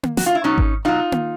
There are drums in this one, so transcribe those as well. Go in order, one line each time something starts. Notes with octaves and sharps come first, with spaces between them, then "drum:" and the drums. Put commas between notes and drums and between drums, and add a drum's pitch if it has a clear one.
drum: tom A#3
F#4, drum: snare
F4
E4
B2 F#3 C#4 D#4
drum: kick G#1
B2 F#3 D#4 F4
drum: tom A#3